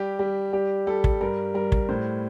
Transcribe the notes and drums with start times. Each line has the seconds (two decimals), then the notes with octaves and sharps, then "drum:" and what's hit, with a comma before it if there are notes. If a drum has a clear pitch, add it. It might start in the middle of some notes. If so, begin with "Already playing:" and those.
Already playing: G3 G4
0.19 G3
0.53 G3 G4
0.87 G3 A4
1.04 drum: kick
1.21 G2 A#4
1.54 G3 A#4
1.72 drum: kick
1.89 A2 C5